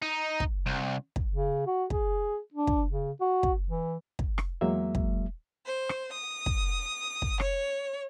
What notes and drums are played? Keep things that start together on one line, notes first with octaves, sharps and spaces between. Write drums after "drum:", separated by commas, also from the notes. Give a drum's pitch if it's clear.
D#4
drum: kick
C2
drum: kick
C#3
F#4
G#4, drum: kick
D4
drum: kick
C#3
F#4
drum: kick
E3
drum: kick
drum: rim click
E2 F#3 G#3 A#3 E5
drum: kick
C5
drum: rim click
D#6
drum: kick
drum: kick
C#5, drum: rim click